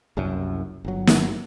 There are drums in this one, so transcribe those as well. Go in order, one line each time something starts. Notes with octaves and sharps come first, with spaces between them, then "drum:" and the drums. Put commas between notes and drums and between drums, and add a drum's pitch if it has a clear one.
F#1 C2 F#2
G1 F#3
drum: snare